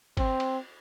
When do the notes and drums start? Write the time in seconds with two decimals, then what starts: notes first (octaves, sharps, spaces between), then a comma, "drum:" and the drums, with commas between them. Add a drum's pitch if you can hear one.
0.17 C4, drum: kick G1, cymbal
0.40 drum: cymbal